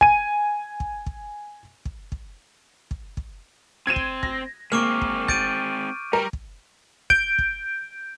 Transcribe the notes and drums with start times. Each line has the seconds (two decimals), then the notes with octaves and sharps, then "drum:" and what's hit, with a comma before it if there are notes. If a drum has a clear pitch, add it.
0.01 G#5 D#7, drum: kick
0.80 drum: kick
1.06 drum: kick
1.85 drum: kick
2.12 drum: kick
2.91 drum: kick
3.17 drum: kick
3.87 C4 C5 G#6 D#7 E7
3.96 drum: kick
4.23 A#6, drum: kick
4.72 G#3 A#3 C4 C#6 D6 F6
5.01 drum: kick
5.28 G6 A6 D7 D#7, drum: kick
6.13 G3 A#4
6.33 drum: kick
7.10 G6 D7, drum: kick
7.38 drum: kick